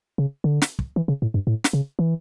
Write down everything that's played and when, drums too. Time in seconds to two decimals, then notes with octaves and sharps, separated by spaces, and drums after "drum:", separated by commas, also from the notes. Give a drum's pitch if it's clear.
0.18 C#3
0.44 D3
0.62 drum: snare
0.79 drum: kick
0.96 E3
1.08 C#3
1.22 A2
1.34 G2
1.47 A2
1.64 drum: snare
1.73 C#3
1.99 E3